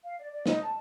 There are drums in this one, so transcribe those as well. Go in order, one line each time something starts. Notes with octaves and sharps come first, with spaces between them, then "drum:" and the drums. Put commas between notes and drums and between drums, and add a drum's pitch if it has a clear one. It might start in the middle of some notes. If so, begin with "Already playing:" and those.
F5
D5
D5
D#4, drum: snare
A5